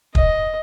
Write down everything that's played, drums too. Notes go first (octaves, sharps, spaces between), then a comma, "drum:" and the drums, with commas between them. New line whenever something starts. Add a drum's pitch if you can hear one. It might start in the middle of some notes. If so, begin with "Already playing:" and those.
D#5, drum: kick